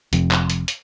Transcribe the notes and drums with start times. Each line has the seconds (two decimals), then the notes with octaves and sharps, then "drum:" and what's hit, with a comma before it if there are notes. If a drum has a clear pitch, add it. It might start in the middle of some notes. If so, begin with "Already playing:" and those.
0.13 F1 F2, drum: hi-hat
0.31 drum: clap
0.50 drum: hi-hat
0.68 drum: hi-hat